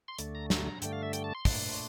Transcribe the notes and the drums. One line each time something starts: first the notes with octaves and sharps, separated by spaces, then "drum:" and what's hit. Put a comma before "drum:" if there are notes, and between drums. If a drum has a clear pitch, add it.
C6
D2 D3 A3, drum: hi-hat
A#5
A#5, drum: snare
G2 D3 A3 G5, drum: hi-hat
F5
E5
G5, drum: hi-hat
A5
C6
A#2 A3 D4, drum: kick, open hi-hat